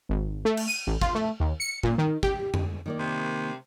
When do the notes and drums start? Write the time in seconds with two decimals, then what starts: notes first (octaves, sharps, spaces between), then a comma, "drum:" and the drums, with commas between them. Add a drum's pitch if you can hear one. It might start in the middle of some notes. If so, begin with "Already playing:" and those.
0.09 G#1
0.45 A3
0.57 drum: cymbal
0.68 D#7
0.87 A1
1.01 F4, drum: kick
1.15 A3
1.40 D#2
1.60 C#7
1.83 A#2, drum: kick
1.98 D#3
2.23 G4, drum: kick
2.54 drum: tom F2
2.86 D#3 A#3 D5
2.99 C3